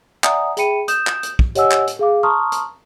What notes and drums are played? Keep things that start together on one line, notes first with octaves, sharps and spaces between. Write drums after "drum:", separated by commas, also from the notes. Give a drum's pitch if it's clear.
D5 E5 F#5 G#5 A#5 D#6, drum: clap
G#4 E5 G5 B5 C#7 D#7, drum: hi-hat
D#6 G6 E7, drum: hi-hat
drum: clap
drum: hi-hat
drum: kick
G4 C#5 D#5 F#5 G#5 E6, drum: hi-hat
drum: clap
drum: hi-hat
G#4 F5 D6
A5 A#5 C6 C#6 D#6 F6
drum: hi-hat